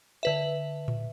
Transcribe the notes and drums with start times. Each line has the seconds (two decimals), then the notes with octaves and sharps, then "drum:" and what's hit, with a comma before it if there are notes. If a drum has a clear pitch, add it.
0.23 D3 B4 E5
0.88 drum: tom A2